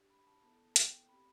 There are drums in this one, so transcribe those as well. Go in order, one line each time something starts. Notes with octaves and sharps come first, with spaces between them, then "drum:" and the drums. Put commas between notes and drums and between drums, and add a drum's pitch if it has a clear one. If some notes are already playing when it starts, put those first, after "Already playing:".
Already playing: D4 G4
B5
A5
B3 E4 A4 A5
G5, drum: hi-hat
C4 G4 B5